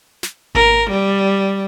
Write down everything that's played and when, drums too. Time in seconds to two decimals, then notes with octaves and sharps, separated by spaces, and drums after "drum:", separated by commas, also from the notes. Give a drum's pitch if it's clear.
0.23 drum: snare
0.55 A#4, drum: kick G#1
0.90 G3